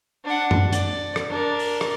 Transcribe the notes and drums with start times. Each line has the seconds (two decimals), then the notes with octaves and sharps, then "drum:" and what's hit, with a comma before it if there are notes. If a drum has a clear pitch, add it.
0.25 D4 F#5
0.51 drum: tom F#2
0.73 D5, drum: hi-hat
1.16 drum: rim click
1.30 D4 A#4
1.59 drum: open hi-hat
1.81 drum: rim click